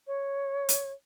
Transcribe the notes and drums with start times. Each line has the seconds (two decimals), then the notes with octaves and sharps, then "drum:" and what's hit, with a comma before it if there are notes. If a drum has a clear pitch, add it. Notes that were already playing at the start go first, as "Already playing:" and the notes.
0.07 C#5
0.69 drum: hi-hat